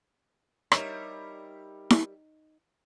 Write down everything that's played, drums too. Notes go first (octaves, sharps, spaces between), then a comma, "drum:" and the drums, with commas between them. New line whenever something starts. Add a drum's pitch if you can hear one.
G3 D#4 A#4 C#5 E5, drum: rim click
drum: snare E4